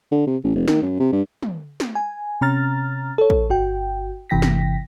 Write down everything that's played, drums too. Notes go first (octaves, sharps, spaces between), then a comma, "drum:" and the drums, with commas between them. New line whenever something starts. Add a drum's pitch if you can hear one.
D3
C3
A1
F1
D#3, drum: snare
F#2
C3
G2
drum: tom
drum: snare
G#5
C3 C#4 A#5 F6 A6
A4 C#5
drum: kick A#1
G1 F#4 G5
G1 C3 E3 G5 A#6 B6
drum: snare